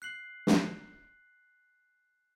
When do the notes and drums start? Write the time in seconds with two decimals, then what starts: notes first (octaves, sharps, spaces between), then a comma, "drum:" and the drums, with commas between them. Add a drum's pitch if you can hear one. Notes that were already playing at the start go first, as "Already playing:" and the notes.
0.02 F#6 C7 F#7
0.47 drum: snare